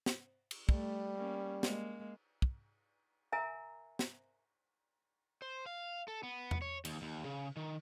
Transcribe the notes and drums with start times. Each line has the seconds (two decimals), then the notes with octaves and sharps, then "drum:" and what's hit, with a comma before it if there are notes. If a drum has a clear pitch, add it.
0.06 drum: snare
0.51 drum: cymbal
0.69 G3 A3, drum: kick
1.17 A#3 C#4
1.63 G#3 A#3, drum: snare
2.42 drum: kick
3.32 A#4 E5 G#5 A#5
3.99 drum: snare
5.42 C5
5.66 F5
6.08 A4
6.23 B3
6.51 drum: tom E2
6.62 C#5
6.85 D#2, drum: cymbal
7.02 D#2
7.25 C#3
7.57 D#3